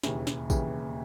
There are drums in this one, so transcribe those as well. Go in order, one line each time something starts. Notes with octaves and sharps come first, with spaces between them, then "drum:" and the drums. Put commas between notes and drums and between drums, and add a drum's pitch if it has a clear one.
E1 D#2 C#3 E3, drum: snare
drum: snare
E1 D#2 C#3 E3, drum: kick, tambourine